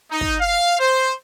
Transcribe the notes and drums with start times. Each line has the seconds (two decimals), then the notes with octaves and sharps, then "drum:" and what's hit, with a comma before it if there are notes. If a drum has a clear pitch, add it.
0.11 D#4
0.21 drum: kick
0.41 F5
0.79 C5